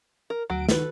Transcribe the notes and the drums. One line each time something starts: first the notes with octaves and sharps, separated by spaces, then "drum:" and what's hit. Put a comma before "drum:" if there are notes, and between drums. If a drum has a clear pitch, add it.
A#4
D2 F#3 D7
D#3 F#4 A4 B4, drum: snare